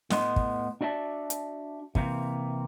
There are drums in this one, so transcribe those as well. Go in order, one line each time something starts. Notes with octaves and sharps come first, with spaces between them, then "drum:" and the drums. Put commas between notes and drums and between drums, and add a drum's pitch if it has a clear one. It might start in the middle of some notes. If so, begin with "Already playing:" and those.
A2 B3 D#5 C6, drum: snare
drum: kick
D4 F#4 D5 E5 A5
drum: hi-hat
C3 E3 A#3 C4, drum: kick